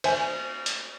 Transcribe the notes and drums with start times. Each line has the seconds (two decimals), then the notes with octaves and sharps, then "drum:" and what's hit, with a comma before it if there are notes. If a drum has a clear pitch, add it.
0.04 C5 E5 G#5, drum: cymbal
0.66 drum: hi-hat